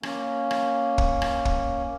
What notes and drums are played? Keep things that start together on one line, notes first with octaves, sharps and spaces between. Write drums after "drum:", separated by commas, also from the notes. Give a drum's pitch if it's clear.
A#3 C#4, drum: rim click
drum: rim click
drum: kick
drum: rim click
drum: kick